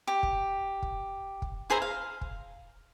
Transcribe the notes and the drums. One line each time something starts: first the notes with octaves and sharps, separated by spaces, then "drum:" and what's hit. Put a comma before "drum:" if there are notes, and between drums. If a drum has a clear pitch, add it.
G4
drum: kick
drum: kick
drum: kick
E4 G#4 C5 A#5
F5
drum: kick